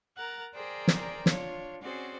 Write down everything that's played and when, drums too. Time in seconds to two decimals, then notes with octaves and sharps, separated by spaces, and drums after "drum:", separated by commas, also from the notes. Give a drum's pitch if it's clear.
0.16 A#4 F#5 A#5 A6
0.53 G#4 A#4 C5 D5 G5 A#5
0.88 drum: snare
1.26 D4 F4 C#5, drum: snare
1.81 C4 C#4 F#4 G#4 C5 D5